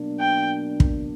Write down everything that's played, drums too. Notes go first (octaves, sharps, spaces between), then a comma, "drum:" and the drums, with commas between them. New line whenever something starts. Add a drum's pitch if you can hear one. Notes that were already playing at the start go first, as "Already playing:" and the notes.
Already playing: B2 F#3 A#3 D4
G5
drum: kick